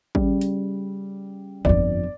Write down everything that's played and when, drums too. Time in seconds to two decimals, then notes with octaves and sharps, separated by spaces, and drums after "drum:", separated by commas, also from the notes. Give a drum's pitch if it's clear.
0.15 C#3 G3, drum: kick
0.41 drum: hi-hat
1.65 G1 F2 D5, drum: kick